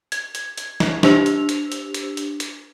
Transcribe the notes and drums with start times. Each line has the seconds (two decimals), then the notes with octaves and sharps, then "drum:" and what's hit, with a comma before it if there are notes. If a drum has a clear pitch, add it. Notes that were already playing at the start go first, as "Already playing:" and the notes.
0.12 G#6, drum: hi-hat
0.35 drum: hi-hat
0.58 drum: hi-hat
0.80 drum: snare
1.03 D4 G4 C5 E6 F7, drum: snare
1.26 drum: hi-hat
1.49 drum: hi-hat
1.72 drum: hi-hat
1.94 drum: hi-hat
2.17 drum: hi-hat
2.40 drum: hi-hat